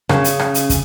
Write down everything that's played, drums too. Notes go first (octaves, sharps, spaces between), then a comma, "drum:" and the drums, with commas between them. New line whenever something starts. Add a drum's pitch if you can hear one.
C#3, drum: rim click
drum: hi-hat
drum: rim click
drum: hi-hat
drum: kick, hi-hat